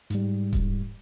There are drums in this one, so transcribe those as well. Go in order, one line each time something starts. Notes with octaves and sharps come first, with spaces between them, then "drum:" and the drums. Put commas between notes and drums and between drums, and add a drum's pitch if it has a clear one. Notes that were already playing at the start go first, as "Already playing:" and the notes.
G#2 G3, drum: hi-hat
drum: kick D#1, hi-hat